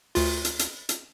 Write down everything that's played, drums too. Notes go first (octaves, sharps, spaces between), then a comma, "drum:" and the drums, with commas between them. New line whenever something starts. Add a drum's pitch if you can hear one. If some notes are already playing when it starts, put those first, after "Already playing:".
D2 F4, drum: open hi-hat
drum: hi-hat
drum: hi-hat
drum: hi-hat